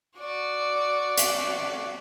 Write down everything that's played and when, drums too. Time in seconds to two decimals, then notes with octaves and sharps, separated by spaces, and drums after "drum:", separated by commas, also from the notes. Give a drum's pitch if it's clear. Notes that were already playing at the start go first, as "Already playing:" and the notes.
0.18 F#4 D5
1.17 drum: hi-hat